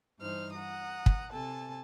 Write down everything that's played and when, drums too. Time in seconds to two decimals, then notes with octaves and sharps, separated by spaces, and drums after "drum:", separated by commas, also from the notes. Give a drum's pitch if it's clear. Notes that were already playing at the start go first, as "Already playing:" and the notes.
0.19 G2 E3 D#4 C5 F6
0.54 F#5 A#5 D#6
1.06 drum: kick
1.31 C3 A4 G#5 A5